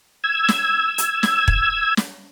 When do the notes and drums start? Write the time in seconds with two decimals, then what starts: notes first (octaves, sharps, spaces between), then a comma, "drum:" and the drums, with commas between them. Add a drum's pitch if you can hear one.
0.24 E6 G#6
0.48 drum: snare
0.98 drum: hi-hat
1.23 drum: snare
1.48 drum: kick
1.97 drum: snare